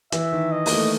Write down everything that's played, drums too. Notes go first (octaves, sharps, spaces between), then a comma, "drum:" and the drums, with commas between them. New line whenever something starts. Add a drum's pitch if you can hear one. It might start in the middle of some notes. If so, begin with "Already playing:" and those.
E3 E5, drum: hi-hat
D#3
D#5
A#3, drum: open hi-hat
A3